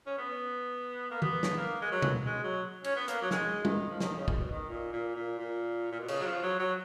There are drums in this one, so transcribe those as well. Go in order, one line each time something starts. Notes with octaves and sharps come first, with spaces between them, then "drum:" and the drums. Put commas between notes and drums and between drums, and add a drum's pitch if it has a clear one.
C#4
B3
A#3
B3, drum: tom D#3
drum: snare
A#3
G#3
F#3
drum: tom
G#3
F#3
C#4, drum: cymbal
B3
A#3, drum: hi-hat
F#3
G#3, drum: snare
D#3, drum: tom
F3
D#3, drum: snare
C#3
A#2, drum: kick
B2
D#3
A#2
A#2
A#2
A#2
A#2
B2
C#3, drum: cymbal
F#3
F3
F#3
F#3